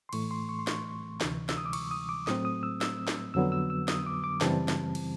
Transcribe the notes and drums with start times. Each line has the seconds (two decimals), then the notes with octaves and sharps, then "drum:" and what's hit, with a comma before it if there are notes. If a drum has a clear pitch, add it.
0.09 C6
0.13 A2 E3 A3 C#6, drum: cymbal
0.31 C6
0.49 C#6
0.59 C6
0.67 C#6, drum: snare
1.21 D2 C3 E3, drum: snare
1.49 E6, drum: snare
1.57 D#6
1.66 D6
1.73 C#6, drum: cymbal
1.91 D#6
2.09 D6
2.27 A2 F#3 A3 C4 D#6, drum: snare
2.45 D#6
2.63 E6
2.81 E6, drum: snare
3.08 drum: snare
3.34 F2 D3 F#3 B3 E6
3.52 E6
3.70 E6
3.88 D#6, drum: snare
4.06 D6
4.24 D6
4.41 F#2 C#3 E3 G3 C4 A5, drum: snare
4.68 drum: snare
4.95 drum: cymbal